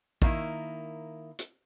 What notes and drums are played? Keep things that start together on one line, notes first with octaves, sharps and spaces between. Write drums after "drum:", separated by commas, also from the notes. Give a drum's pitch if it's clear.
D#3 A#3 E4, drum: kick
drum: hi-hat